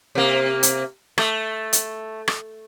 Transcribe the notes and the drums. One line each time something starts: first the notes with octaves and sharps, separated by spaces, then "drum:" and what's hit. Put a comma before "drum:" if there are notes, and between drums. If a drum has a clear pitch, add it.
C3 A#3
drum: hi-hat
A3, drum: rim click
drum: hi-hat
drum: rim click